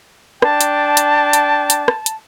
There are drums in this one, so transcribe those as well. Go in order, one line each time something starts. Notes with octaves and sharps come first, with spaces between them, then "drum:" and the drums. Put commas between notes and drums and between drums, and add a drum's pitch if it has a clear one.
D4 G5 A5, drum: rim click
drum: hi-hat
drum: hi-hat
drum: hi-hat
drum: hi-hat
drum: rim click
drum: hi-hat